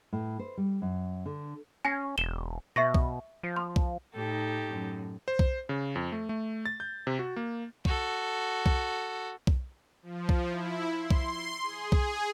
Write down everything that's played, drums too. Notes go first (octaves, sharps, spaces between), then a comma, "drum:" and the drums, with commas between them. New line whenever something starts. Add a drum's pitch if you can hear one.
A2
C5
G3
F#2
D3
C#4 G#5 A#6 C7
E1 E7 G7
B2 E5 C#6 A#6
drum: kick B1
F3
C6
drum: kick B1
A2 D#4 G4 A4
F#2 A2
C5
drum: kick B1
C#3
F2
A3
A3
A6
G6
C3
F#4
A#3
F#4 A4, drum: kick B1
drum: kick B1
drum: kick B1
F3
drum: kick B1
E4
C6
drum: kick B1
G#4
drum: kick B1